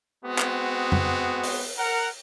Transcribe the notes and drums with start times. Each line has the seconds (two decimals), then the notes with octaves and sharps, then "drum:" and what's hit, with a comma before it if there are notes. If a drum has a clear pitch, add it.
0.24 G#3 B3 C4 F#4
0.39 drum: clap
0.92 drum: tom F2
1.43 drum: open hi-hat
1.77 A#4 F#5